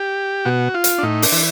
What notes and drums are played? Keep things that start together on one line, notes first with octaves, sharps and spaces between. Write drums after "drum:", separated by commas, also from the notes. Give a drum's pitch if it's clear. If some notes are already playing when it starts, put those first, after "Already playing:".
Already playing: G4
B2 F#4
F4
drum: hi-hat
D4
A2 D#4
D4, drum: open hi-hat
E3